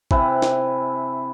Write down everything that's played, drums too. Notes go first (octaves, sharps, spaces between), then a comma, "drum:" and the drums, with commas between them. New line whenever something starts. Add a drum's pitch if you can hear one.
C3 E4 B4 G#5, drum: kick
drum: snare